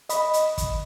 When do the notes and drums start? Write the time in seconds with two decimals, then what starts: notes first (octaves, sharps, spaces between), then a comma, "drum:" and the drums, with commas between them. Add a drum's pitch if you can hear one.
0.09 D#5 B5, drum: hi-hat
0.33 drum: hi-hat
0.58 drum: kick, hi-hat